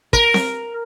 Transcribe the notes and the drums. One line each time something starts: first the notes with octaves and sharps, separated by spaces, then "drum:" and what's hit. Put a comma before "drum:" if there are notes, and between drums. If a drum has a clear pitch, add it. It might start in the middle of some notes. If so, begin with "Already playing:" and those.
A#4, drum: kick
drum: snare C4